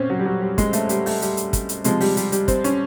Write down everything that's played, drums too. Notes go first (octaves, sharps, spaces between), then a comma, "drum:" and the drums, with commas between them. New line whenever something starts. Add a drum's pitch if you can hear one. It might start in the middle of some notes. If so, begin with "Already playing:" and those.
Already playing: A#2 C4 C#4
F#3
G3
F#3
G3
G#3, drum: kick, hi-hat
A3, drum: hi-hat
G3, drum: hi-hat
A3, drum: open hi-hat
G3, drum: hi-hat
drum: hi-hat
drum: kick, hi-hat
drum: hi-hat
C3 F3 G#3, drum: hi-hat
G3, drum: open hi-hat
G3, drum: hi-hat
G3, drum: hi-hat
C4, drum: kick, hi-hat
C#4, drum: hi-hat